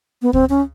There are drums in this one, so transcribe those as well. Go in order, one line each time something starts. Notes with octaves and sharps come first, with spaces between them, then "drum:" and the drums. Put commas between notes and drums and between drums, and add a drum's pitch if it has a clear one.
B3
C4, drum: kick D2
C#4